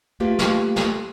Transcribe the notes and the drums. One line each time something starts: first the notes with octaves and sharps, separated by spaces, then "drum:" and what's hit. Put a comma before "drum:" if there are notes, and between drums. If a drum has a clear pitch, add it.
A3 A#3 F4 G4 B4 F5
drum: snare
drum: snare